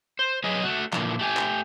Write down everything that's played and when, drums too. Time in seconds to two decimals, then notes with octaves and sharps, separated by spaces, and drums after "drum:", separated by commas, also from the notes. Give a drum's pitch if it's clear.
0.19 C5
0.44 F#3 G#4 B4 D#5
0.64 A3 F#4
0.93 A#2 D3 E3 F3, drum: clap
1.19 A3 G4 G#5
1.37 drum: clap